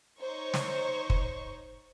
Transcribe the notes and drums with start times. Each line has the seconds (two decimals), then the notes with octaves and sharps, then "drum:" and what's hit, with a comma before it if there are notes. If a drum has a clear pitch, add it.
0.20 D#4 C5 C#5 C#6
0.54 drum: snare
1.10 drum: kick